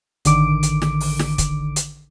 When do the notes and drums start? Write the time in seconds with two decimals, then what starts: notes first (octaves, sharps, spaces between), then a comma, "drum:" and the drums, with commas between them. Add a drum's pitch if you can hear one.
0.25 A1 D3 D#3 D6 D7, drum: hi-hat
0.63 drum: hi-hat
0.82 drum: snare
1.00 drum: open hi-hat
1.19 drum: snare
1.38 drum: kick, hi-hat
1.76 drum: hi-hat